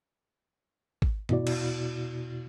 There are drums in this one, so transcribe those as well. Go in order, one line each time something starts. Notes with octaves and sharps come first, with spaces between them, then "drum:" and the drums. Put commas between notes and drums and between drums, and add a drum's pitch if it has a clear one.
drum: kick
E2 B2 E4 F#4 D5, drum: tom G2
drum: cymbal